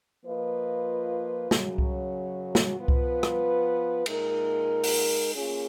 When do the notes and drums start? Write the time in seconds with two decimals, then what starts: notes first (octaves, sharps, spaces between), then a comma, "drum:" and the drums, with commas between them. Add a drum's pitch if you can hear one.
0.25 F3 A#3 F4 B4 D#5
1.51 F#2 C#3 F#3, drum: snare
1.78 drum: kick C2
2.55 drum: snare
2.79 F3 B3 F4 B4
2.88 drum: kick C2
3.23 drum: rim click
4.06 A#2 G#3 D#4 A#4, drum: cymbal
4.84 drum: open hi-hat
5.35 A#3 C#4 F4 G#4